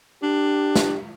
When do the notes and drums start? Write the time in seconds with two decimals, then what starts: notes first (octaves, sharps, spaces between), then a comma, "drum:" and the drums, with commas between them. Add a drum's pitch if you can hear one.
0.23 D4 G4
0.76 drum: snare